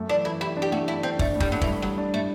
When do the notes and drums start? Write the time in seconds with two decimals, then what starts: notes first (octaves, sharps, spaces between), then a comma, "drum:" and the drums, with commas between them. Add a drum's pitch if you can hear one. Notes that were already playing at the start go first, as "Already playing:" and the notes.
Already playing: F#2 A3
0.09 E3 D4
0.25 E3 E4
0.41 E4 G4
0.57 D4
0.62 G4
0.72 A3 F#4
0.88 D4 E4
1.03 C4 D4
1.19 A3 D4, drum: kick
1.35 A2
1.40 G3, drum: kick
1.51 A2 F#3
1.62 E3, drum: kick
1.66 G3
1.82 F#3 G3
1.98 D4
2.14 A2 A3